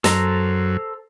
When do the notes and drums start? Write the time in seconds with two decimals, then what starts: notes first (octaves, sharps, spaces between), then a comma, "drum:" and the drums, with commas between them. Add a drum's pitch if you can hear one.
0.04 F#2 A4 C5 A#5, drum: snare